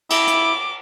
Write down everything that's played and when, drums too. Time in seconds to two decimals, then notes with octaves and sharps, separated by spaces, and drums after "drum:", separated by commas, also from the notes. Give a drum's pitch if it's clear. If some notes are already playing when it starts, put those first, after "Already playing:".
0.10 E4 D6, drum: cymbal
0.27 drum: hi-hat